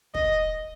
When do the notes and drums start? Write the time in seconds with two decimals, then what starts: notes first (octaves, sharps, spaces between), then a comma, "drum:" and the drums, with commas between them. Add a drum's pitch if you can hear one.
0.14 D#5, drum: kick